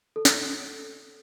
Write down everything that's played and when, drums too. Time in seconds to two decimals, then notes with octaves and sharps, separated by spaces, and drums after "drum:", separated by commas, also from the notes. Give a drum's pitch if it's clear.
0.16 A4
0.25 drum: snare